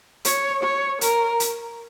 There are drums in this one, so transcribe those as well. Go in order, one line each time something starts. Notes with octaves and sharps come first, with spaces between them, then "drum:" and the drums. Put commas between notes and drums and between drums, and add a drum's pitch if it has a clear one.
C#5, drum: hi-hat
C#5
A#4, drum: hi-hat
drum: hi-hat